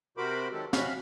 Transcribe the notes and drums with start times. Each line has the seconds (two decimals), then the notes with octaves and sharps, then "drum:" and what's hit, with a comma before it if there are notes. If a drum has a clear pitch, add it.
0.17 C3 F#4 A#4 C5 B5 D6
0.52 D#3 F#3 G#3 G4 A4
0.73 C3 C#4 F#4 F5 B5 F6, drum: snare